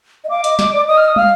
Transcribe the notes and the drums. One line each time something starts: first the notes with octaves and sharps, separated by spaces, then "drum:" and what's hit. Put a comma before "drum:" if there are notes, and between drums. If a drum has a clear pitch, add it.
D#5
F5 D6
D#5, drum: hi-hat
D#5, drum: snare
D5
D#5 D#6
F6
D#6
F5 F6, drum: tom